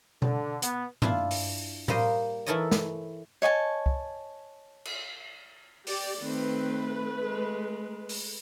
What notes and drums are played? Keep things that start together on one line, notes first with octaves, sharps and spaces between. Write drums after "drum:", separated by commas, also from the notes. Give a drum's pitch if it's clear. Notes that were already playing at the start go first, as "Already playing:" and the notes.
D3, drum: tom B2
B3, drum: hi-hat
D4 E4 F4, drum: tom G2
drum: open hi-hat
G3 A#3 C5 D#5, drum: tom A2
E3 E4 A4 A#4 C#5 D#5
drum: snare
C#5 D#5 G#5 A5
drum: kick
drum: cymbal
G4 D5, drum: open hi-hat
D#3 A3 C4 B4
G#3
drum: open hi-hat